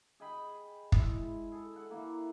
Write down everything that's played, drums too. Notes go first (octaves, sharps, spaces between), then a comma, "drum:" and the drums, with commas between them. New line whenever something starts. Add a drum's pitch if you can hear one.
G#4 D#5 G5 B5
G#3 E4, drum: kick
G#4 A4
A4 F#5
D3 E3 A#3